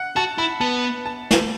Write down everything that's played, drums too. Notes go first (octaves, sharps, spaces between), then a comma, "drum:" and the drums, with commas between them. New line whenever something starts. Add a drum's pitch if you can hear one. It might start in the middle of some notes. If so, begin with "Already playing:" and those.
Already playing: F#5
F#4 A5
E4 B5
B3 A5
A5
drum: snare